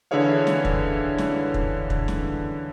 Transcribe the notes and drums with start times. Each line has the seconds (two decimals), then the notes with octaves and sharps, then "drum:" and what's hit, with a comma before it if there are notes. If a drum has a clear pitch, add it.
0.11 D3 E3 E4 G#4 C#5 F5
0.47 drum: snare
0.65 drum: kick
1.18 drum: snare
1.54 drum: kick
1.90 drum: kick
2.08 drum: snare